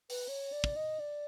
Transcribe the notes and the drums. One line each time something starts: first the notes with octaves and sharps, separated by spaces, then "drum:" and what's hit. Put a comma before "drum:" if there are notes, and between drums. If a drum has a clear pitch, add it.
B4, drum: open hi-hat
C#5
D5
drum: kick
D#5
D5